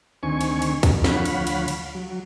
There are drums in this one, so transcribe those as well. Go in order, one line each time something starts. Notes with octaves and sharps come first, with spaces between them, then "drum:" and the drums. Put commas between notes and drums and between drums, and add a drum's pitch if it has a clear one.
D2 D#3 C4 G#5 C#6
drum: cymbal
drum: cymbal
drum: kick, cymbal
D2 F3 C#5 F5 F#5 B5, drum: snare
drum: cymbal
drum: cymbal
drum: cymbal
F#3